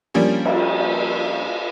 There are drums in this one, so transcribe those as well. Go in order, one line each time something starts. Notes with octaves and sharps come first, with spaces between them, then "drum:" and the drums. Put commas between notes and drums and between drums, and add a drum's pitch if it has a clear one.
F3 G3 A#3 C#4 D4
drum: cymbal